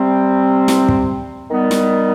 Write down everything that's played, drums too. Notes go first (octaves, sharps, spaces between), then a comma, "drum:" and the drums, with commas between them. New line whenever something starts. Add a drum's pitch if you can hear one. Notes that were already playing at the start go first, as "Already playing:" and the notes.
Already playing: C3 G3 C4
drum: snare
drum: kick
D#3 G3 B3
drum: snare